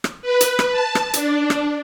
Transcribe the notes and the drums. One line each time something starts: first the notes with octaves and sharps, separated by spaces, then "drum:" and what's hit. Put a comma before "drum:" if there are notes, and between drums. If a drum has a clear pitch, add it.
drum: rim click
B4
drum: hi-hat
drum: rim click
A5
drum: rim click
D4, drum: hi-hat
drum: rim click